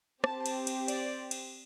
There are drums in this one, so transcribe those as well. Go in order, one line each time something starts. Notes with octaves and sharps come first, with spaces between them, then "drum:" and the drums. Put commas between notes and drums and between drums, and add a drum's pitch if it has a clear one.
C4 G4 A5, drum: rim click
drum: cymbal
drum: cymbal
D5, drum: cymbal
drum: cymbal